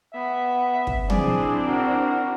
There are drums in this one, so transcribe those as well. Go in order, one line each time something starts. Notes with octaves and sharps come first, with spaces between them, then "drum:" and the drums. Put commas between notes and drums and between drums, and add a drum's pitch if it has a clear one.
B3 E5
drum: kick
C4 D4 E4 G#4 D5, drum: tom
F#4 A#4